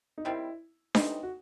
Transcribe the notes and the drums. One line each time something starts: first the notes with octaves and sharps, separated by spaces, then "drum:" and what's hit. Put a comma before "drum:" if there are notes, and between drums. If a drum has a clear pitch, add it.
D#4
D#3 G3 C4 E4
E3 G3 C4 D#4, drum: snare D4
F#4